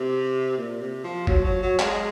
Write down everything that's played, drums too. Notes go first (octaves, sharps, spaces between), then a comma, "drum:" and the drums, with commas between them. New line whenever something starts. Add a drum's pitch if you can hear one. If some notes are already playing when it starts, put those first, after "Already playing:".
Already playing: C3
A#2
C3
F3
F#3, drum: kick
F#3
F#3
G#3, drum: clap